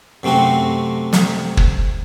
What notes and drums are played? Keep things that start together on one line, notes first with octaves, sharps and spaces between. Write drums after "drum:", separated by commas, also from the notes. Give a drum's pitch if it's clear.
F#2 C3 A3 C4 F#4
drum: snare
drum: kick